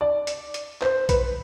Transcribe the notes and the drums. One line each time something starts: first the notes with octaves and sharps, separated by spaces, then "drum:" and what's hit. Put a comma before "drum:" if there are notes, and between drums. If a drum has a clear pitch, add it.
D5
drum: hi-hat
drum: hi-hat
C5, drum: clap
B4, drum: kick B1, hi-hat